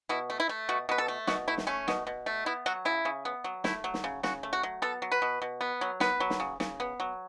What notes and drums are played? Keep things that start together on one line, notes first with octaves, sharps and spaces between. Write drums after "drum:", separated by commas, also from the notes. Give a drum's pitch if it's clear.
B2 E4
A3
E4
A3
B2 F#4
B2 B4
A4
A3
B2 F#4, drum: snare
A3 E4
drum: snare
A3 C#4
B2, drum: snare
B2
A3
B3 E4
F#3 F#4
C#3 E4
C#3
B3
F#3
A3 E4, drum: snare
F#3
drum: snare
C#3
C#3 F#4, drum: snare
A3
F#4
F#3
B3 A4
F#3
B4
B2
B2
B3
F#3
B3 B4, drum: snare
F#3
drum: snare
C#3
C#3, drum: snare
B3
F#3